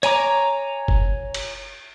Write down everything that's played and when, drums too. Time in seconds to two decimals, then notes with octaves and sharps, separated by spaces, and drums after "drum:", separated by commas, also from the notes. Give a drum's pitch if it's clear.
0.03 C#5 G#5 A#5 D6, drum: hi-hat
0.88 drum: kick F#1
1.34 drum: cymbal